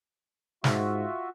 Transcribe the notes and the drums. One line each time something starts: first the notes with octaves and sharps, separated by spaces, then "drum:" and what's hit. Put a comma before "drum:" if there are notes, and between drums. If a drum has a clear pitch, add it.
G#2 F4 F#4 E5, drum: snare